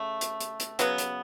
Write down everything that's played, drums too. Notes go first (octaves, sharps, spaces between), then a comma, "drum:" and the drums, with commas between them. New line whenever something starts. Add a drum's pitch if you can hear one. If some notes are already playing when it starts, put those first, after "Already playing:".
Already playing: C#3 A3
drum: hi-hat
drum: hi-hat
drum: hi-hat
C#3 F#3 B3, drum: hi-hat
drum: hi-hat